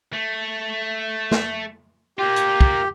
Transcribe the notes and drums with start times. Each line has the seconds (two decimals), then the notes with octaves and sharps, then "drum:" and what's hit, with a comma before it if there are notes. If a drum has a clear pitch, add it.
0.13 A3
1.31 drum: snare
2.19 A#3 F4 G4
2.36 drum: hi-hat
2.61 drum: kick